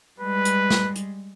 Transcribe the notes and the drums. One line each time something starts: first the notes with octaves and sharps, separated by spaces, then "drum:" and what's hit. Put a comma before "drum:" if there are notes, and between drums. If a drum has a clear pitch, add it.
G3 G#3 B4
drum: hi-hat
drum: snare
drum: hi-hat